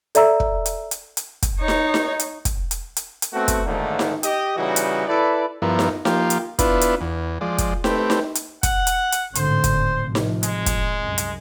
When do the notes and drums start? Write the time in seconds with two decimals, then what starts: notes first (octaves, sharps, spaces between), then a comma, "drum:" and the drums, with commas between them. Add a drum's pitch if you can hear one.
0.15 A4 D5 E5 A#5 E6, drum: hi-hat
0.40 drum: kick
0.66 drum: hi-hat
0.91 drum: hi-hat
1.17 drum: hi-hat
1.43 drum: kick, hi-hat
1.58 D#4 C#5
1.68 drum: snare D#4
1.94 drum: snare D#4
2.19 drum: hi-hat
2.45 drum: kick, hi-hat
2.71 drum: hi-hat
2.96 drum: hi-hat
3.22 drum: hi-hat
3.33 A3 B3 C4 F#4
3.48 drum: kick, hi-hat
3.66 G#2 D3 D#3 F3 A3 A#3
3.99 drum: snare D#4
4.23 G4 D#5, drum: hi-hat
4.57 C#3 E3 G3 D#4 F#4
4.76 drum: hi-hat
5.07 E4 A4 B4 D5
5.62 G2 F3 B3 E4 A#4
5.79 drum: snare D#4
6.05 F3 A#3 F4 G4, drum: snare D#4
6.30 drum: hi-hat
6.59 B3 D4 E4 F4 B4, drum: kick, hi-hat
6.81 drum: hi-hat
7.01 E2
7.41 F3 G#3 D5
7.58 drum: kick, hi-hat
7.84 A3 C4 G4 B4, drum: snare D#4
8.10 drum: snare D#4
8.35 drum: hi-hat
8.63 F#5, drum: kick, hi-hat
8.87 drum: hi-hat
9.12 drum: hi-hat
9.35 G#1 A2 D3 C5, drum: hi-hat
9.64 drum: kick, hi-hat
9.97 A1 C3 F3
10.15 drum: snare D#4
10.43 G#3, drum: hi-hat
10.66 drum: kick, hi-hat
10.98 C2 F#2
11.18 drum: hi-hat